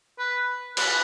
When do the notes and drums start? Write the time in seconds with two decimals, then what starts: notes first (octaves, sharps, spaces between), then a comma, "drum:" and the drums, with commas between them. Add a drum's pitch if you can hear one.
0.19 B4
0.77 B4, drum: cymbal